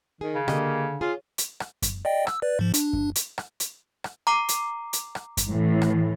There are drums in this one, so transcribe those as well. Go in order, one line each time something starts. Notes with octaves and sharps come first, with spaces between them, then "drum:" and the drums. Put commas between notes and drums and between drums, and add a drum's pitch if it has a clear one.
D#3 G#4
C#3
D3 A#3 G4 D#5, drum: rim click
F4 G#4 C#5
drum: hi-hat
drum: rim click
drum: kick F#2, hi-hat
D5 D#5 G5
E6, drum: rim click
B4 D5
G#2 F3
D4, drum: hi-hat
drum: kick F#2
drum: hi-hat
drum: rim click
drum: hi-hat
drum: rim click
A#5 D6 C7
drum: hi-hat
drum: hi-hat
drum: rim click
drum: kick F#2, hi-hat
A2 E3
drum: rim click